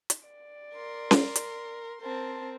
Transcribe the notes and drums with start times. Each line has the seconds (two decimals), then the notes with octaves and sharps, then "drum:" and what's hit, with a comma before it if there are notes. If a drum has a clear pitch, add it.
0.10 drum: hi-hat
0.27 D5
0.74 A#4 C6
1.11 drum: snare C#4
1.36 drum: hi-hat
2.01 C4 A#4 C5 A5